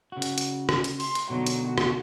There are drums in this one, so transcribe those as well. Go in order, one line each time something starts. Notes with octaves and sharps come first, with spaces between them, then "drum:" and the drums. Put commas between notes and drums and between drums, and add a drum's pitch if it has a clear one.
C#3 F#4
drum: hi-hat
drum: hi-hat
drum: rim click
drum: hi-hat
C6, drum: open hi-hat
drum: hi-hat
B2 D3 F#3 D#4
drum: hi-hat
F#4
drum: rim click